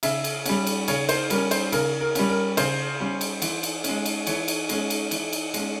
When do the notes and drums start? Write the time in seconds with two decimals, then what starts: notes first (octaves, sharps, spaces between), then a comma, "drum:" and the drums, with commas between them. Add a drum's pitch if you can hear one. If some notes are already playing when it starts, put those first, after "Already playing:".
0.03 C#3 E5, drum: cymbal
0.24 drum: cymbal
0.46 G3 C#4, drum: cymbal
0.67 drum: cymbal
0.88 C#3 C#5, drum: cymbal
1.09 C5, drum: cymbal
1.30 G3 C#4 A#4, drum: cymbal
1.51 C5, drum: cymbal
1.72 C#3 A#4, drum: cymbal
2.01 A#4
2.15 G3 C#4, drum: cymbal
2.29 A#4
2.57 C#3 C5, drum: cymbal
3.00 G3 C#4
3.21 drum: cymbal
3.42 E3, drum: cymbal
3.63 drum: cymbal
3.84 G#3 C#4, drum: cymbal
4.06 drum: cymbal
4.27 E3 C#5, drum: cymbal
4.48 drum: cymbal
4.69 G#3 C#4, drum: cymbal
4.90 drum: cymbal
5.11 E3, drum: cymbal
5.33 drum: cymbal
5.54 G#3 C#4, drum: cymbal